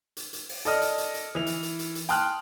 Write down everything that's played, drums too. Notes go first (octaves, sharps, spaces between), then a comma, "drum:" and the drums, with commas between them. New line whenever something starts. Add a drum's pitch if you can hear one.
drum: hi-hat
drum: hi-hat
drum: open hi-hat
A4 D5 D#5 D#6 F6, drum: hi-hat
drum: hi-hat
drum: hi-hat
drum: hi-hat
E3 F7
drum: hi-hat
drum: hi-hat
drum: hi-hat
drum: hi-hat
G5 A5 C6 D#6 F6 F#6, drum: hi-hat